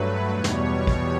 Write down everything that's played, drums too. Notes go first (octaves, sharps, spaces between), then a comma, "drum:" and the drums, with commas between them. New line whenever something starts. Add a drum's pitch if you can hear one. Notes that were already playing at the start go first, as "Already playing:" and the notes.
Already playing: G2 F#3 A3 B4
E2 B2 G3 C#5
drum: snare
drum: kick